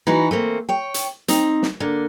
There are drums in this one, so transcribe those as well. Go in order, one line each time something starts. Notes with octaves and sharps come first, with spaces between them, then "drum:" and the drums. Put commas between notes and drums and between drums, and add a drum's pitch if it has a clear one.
E3 D#4 F#4 B4
A3 A#3 C4
C#5 G5
drum: hi-hat
C4 D#4, drum: hi-hat
drum: snare
D3 A#3